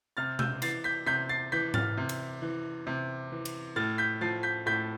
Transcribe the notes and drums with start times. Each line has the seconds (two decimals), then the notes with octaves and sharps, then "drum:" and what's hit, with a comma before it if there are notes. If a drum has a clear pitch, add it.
0.17 C3 F6 A6
0.39 E6 G6, drum: tom B2
0.62 E3 A6 C7, drum: cymbal
0.84 G6 B6
1.06 C3 G6 B6
1.29 A6 C7
1.52 E3 G6 B6
1.74 F6 A6, drum: tom G#2
1.97 C3
2.09 drum: cymbal
2.42 E3
2.87 C3
3.32 E3
3.45 drum: cymbal
3.76 A2 F6 A6
3.98 G6 B6
4.21 F3 A6 C7
4.43 G6 B6
4.66 A2 G6 B6